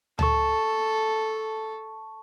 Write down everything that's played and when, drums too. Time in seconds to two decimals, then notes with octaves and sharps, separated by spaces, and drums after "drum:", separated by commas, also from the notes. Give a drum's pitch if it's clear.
0.19 A4 A5 C#6, drum: tom C#2